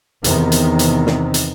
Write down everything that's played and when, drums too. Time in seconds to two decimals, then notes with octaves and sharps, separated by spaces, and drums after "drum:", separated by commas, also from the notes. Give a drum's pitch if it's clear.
0.24 E2 C3 D#3 B3, drum: hi-hat
0.52 drum: hi-hat
0.79 drum: hi-hat
1.07 drum: snare
1.34 drum: hi-hat